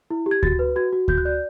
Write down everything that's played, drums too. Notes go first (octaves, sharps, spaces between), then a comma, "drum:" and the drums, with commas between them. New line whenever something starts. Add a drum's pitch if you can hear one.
E4
G4
G#6
F#4 A6, drum: kick D2
B4
F#4 G#6
F#4
F#4 G6, drum: kick D2
F#6
D5 G6